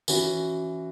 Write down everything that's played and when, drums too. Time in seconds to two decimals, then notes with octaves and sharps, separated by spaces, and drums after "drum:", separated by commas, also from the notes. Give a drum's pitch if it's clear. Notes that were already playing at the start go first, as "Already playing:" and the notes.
0.08 E3 C#4 F#4, drum: tambourine